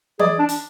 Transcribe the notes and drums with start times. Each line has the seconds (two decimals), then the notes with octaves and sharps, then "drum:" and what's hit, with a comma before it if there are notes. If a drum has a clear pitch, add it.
0.19 G#4 D5, drum: tom E3
0.39 D4
0.49 drum: hi-hat